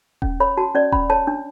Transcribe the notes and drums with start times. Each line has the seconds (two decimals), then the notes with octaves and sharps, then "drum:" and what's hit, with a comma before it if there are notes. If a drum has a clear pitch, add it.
0.22 C#4, drum: kick D#1
0.40 C#5 B5
0.57 F#4 A5
0.75 C#4 D5
0.92 C#4 B5, drum: kick D#1
1.10 C#5 A5
1.27 D4